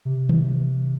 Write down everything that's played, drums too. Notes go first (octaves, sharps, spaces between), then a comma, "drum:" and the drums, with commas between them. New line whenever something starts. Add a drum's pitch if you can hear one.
C3
drum: tom D#3